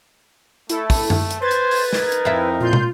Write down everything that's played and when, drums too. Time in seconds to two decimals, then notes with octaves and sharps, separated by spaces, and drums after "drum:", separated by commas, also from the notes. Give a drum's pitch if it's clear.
0.69 A3 E4 A4, drum: hi-hat
0.90 drum: kick, open hi-hat
1.10 drum: tom F#2
1.31 drum: hi-hat
1.41 B4 C5 G#6 A6
1.51 drum: hi-hat
1.71 drum: open hi-hat
1.93 D#4 A#4, drum: snare
2.12 drum: hi-hat
2.25 F2 C4 E4
2.60 A#2 F4 C6 G6
2.73 drum: tom